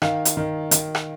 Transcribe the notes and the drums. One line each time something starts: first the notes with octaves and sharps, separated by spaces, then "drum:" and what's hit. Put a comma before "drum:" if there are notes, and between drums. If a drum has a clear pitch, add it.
D#3 F5, drum: rim click
drum: hi-hat
D#3
D#3, drum: hi-hat
drum: rim click